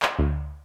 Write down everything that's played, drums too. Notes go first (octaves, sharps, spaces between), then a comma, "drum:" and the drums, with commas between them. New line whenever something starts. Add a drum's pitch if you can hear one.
drum: clap
D2